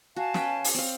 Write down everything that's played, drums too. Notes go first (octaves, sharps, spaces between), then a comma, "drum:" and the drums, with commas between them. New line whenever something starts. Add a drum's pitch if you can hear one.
F#4 F5 G#5 A5
C#4 B4 G5, drum: snare
drum: open hi-hat
C4 F5